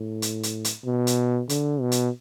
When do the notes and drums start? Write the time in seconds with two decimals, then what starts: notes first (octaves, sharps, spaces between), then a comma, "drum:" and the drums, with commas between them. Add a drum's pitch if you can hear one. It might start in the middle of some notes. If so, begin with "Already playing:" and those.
Already playing: A2
0.22 drum: hi-hat
0.43 drum: hi-hat
0.65 drum: hi-hat
0.85 B2
1.07 drum: hi-hat
1.49 D3, drum: hi-hat
1.81 B2
1.92 drum: hi-hat